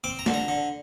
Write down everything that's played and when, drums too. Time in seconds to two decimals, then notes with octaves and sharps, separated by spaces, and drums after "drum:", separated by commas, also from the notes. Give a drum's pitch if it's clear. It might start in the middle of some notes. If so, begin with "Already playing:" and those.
0.04 C4 D6
0.19 A#5
0.26 D3, drum: snare
0.34 A#5
0.48 D3